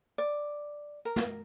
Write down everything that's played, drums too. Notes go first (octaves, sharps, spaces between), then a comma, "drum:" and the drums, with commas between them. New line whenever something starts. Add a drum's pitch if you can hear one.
D5
A#4
drum: snare